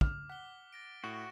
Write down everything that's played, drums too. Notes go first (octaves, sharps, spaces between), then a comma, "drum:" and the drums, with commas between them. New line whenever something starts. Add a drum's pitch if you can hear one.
D6 F6, drum: kick
F#5 B6 G7
A6 A#6 D7
A2 F#4 E7